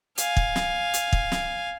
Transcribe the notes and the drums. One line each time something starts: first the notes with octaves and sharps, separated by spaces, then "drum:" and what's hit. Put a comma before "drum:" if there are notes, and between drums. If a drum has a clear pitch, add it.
F5 G#5, drum: hi-hat
drum: kick
drum: snare
drum: hi-hat
drum: kick
drum: snare